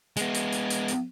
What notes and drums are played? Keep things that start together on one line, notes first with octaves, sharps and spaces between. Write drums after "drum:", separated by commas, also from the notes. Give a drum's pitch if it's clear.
G#3 B3, drum: hi-hat
drum: hi-hat
drum: hi-hat
drum: hi-hat
drum: hi-hat